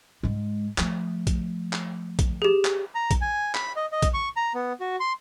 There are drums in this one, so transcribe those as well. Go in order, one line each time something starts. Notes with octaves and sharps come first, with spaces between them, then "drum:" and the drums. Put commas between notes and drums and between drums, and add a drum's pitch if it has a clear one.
G#2 G#3
F3 A3, drum: clap
drum: kick A#1, hi-hat
drum: clap
drum: kick A#1, hi-hat
G4 G#4
drum: clap
A#5
drum: kick A#1, hi-hat
G#5
B5, drum: clap
D#5
D#5
drum: kick A#1, hi-hat
C#6
A#5
B3
F#4
C6